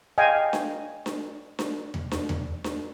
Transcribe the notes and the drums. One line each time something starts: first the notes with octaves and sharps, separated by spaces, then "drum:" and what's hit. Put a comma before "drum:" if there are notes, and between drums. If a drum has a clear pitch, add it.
D#5 F5 G5 G#5
drum: snare D4
drum: snare D4
drum: snare D4
drum: tom E2
drum: snare D4
drum: tom E2
drum: snare D4